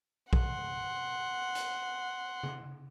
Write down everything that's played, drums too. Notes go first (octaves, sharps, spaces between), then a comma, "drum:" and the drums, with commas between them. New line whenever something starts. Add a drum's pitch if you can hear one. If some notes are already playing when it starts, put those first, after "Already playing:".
F#5 C6, drum: kick A#1
drum: hi-hat
drum: tom C#3